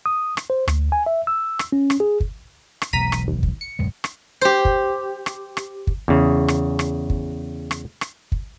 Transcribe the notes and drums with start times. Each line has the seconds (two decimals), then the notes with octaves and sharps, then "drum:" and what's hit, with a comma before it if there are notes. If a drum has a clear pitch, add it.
0.06 D#6
0.37 drum: rim click
0.50 C5
0.68 D2, drum: rim click
0.92 G#5
1.06 E5
1.27 E6
1.59 drum: rim click
1.72 C#4
1.90 drum: rim click
2.00 G#4
2.20 drum: kick
2.82 drum: rim click
2.93 E1 B1 E2 A#5 B6 D#7
3.12 drum: rim click
3.28 D#2
3.43 drum: kick
3.61 C#7
3.79 D1 F#2 G#3
4.04 drum: rim click
4.41 G4 C5
4.65 drum: kick
5.26 drum: rim click
5.57 drum: rim click
5.87 drum: kick
6.08 E2 C#3
6.48 drum: rim click
6.79 drum: rim click
7.10 drum: kick
7.71 drum: rim click
8.01 drum: rim click
8.32 drum: kick